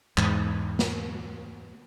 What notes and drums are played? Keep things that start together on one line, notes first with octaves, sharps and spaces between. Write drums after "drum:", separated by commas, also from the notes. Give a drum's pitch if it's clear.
E2 G#2, drum: clap
drum: snare